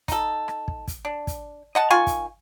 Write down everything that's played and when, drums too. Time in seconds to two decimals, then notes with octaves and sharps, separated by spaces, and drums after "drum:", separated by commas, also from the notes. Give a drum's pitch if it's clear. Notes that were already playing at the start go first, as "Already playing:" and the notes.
0.08 D#4 A4, drum: kick, hi-hat
0.48 drum: rim click
0.68 drum: kick
0.88 drum: kick, hi-hat
1.05 D4
1.27 drum: kick, hi-hat
1.75 D#5 F#5 A5
1.90 D#3 F4 G#5 C#6
2.07 drum: kick, hi-hat